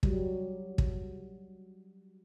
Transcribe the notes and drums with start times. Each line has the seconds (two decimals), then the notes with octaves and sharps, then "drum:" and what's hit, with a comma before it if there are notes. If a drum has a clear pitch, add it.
0.03 F#3 G3, drum: kick
0.78 drum: kick